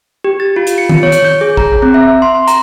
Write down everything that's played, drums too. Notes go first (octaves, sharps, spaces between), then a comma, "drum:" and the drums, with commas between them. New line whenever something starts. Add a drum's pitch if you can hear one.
G4
A6
F4
drum: hi-hat
C#7
drum: tom D#3
C#5
drum: hi-hat
G6
G#4
A#5, drum: kick
C4
E5
C6
A#5, drum: hi-hat